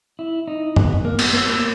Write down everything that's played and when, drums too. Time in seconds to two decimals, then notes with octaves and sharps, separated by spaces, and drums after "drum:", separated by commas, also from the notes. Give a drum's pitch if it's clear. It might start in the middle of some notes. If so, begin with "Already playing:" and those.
0.19 E4
0.48 D#4
0.76 B3, drum: tom F#2
1.05 A#3
1.19 B3, drum: cymbal
1.33 B3
1.48 A#3